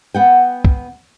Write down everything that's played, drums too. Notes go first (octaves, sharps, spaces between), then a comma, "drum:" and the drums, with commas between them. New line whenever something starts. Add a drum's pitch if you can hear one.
B3 F#5 G5
drum: kick